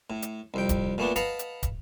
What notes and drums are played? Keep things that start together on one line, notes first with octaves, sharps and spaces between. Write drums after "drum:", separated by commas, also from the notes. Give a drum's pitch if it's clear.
A2
drum: hi-hat
C2 F2 G5
drum: kick, hi-hat
A#2 A3 B3 D4
B4 D#5 F5 F#5 A5 A#5, drum: hi-hat
drum: hi-hat
drum: kick, hi-hat